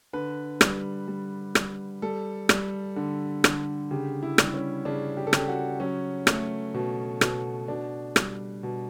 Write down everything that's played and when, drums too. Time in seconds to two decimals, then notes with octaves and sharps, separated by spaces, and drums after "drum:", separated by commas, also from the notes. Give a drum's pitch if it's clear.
0.13 D3 B4
0.61 G3, drum: rim click
1.08 G3
1.55 G3, drum: rim click
2.02 G3 A4
2.49 G3, drum: rim click
2.96 D3
3.44 D3, drum: rim click
3.91 C#3 G4
4.23 E4
4.38 G3, drum: rim click
4.54 C#4
4.85 C#3 D4
5.17 G4
5.27 A4
5.33 C#3 G4, drum: rim click
5.48 F#4
5.80 F#3 C#4
6.27 A3, drum: rim click
6.74 B2
7.21 B2, drum: rim click
7.68 B2 D4
8.16 G3, drum: rim click
8.63 B2